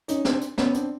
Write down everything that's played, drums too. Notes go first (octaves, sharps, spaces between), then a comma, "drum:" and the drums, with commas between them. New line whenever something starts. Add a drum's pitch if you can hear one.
C#4 D#4, drum: hi-hat
C4 D4, drum: snare
drum: hi-hat
B3 C#4, drum: snare
C4 D4, drum: hi-hat